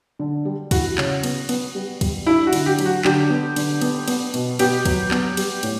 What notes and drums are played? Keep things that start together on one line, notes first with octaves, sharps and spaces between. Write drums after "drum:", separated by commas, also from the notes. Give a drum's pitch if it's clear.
D3
G3
E4 F#4, drum: kick, cymbal
C#3, drum: clap
B3, drum: cymbal
B3, drum: cymbal
G3
G3, drum: kick, cymbal
D4 E4
F#4
D3, drum: cymbal
G4
F#3, drum: cymbal
F#4
D3 G4, drum: clap
B3
D3, drum: cymbal
B3, drum: cymbal
B3, drum: cymbal
B2, drum: cymbal
B3 G4, drum: cymbal
F#3, drum: kick, cymbal
B3, drum: clap
G3, drum: cymbal
A2, drum: cymbal